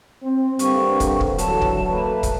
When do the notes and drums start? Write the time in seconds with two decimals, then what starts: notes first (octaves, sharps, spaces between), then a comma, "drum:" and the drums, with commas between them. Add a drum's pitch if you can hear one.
0.22 C4
0.59 G2 D3 A#3 C4 C#6, drum: hi-hat
1.00 drum: kick, hi-hat
1.21 drum: kick
1.38 D3 E3 F#3 A4 A5, drum: hi-hat
1.62 drum: kick
1.89 A3 A#3 B4
2.23 drum: kick, hi-hat